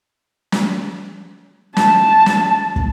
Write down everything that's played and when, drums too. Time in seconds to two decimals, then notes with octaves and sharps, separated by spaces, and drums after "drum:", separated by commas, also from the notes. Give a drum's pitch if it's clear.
0.52 drum: snare
1.76 A5, drum: snare
2.26 drum: snare
2.76 drum: kick